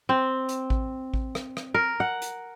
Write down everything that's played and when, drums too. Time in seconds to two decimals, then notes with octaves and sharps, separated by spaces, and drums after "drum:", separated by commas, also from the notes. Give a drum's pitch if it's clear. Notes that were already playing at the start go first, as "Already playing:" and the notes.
0.09 C4
0.49 drum: hi-hat
0.70 drum: kick A1
1.14 drum: kick A1
1.35 drum: rim click
1.57 drum: rim click
1.74 A#4
2.00 F#5
2.22 drum: hi-hat